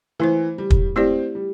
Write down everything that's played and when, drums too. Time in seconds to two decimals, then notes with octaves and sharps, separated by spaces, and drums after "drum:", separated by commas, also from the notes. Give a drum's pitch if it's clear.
0.19 E3 A3 E4 C5
0.58 G3
0.70 drum: kick
0.96 A3 C4 E4 G4 D5
1.35 G3